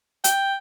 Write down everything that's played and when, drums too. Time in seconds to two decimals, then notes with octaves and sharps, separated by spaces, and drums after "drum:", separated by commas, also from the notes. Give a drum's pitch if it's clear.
0.24 G5, drum: hi-hat